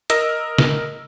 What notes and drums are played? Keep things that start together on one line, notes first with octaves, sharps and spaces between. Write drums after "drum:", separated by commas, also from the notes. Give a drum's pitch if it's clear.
A#4 D#5 E6 A#6, drum: hi-hat
drum: snare